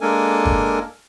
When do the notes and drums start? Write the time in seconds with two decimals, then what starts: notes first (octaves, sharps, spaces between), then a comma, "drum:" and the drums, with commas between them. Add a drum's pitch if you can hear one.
0.01 G#3 A#3 D4 A4 A#4 G#5
0.45 drum: kick